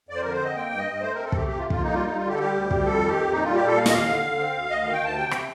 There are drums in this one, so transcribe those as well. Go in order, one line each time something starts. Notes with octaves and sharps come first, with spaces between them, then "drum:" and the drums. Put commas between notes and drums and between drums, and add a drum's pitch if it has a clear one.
F2 D5
C5
D3 A#4
C5
C4 D#5
A#3 G5
G2
D#5
G2
A3 C5
C4 A#4
A4
A3 G4, drum: kick
C3 G4
F4
F2
F4, drum: kick
A#3 D#4
G3 F4
G3 D#4
F4
D3 G4
A4
G3 G4
D2
G3, drum: kick
F2 A4
D#3
G4
F2
A#2 D#4
G3 F4
G4
A#2 A4
A#3 F5
D#5, drum: snare
D#2 F5
D3
D3
C4
D2
D2 D#5
D#3 F5
G5
D2 A5
C3 G5
C3, drum: rim click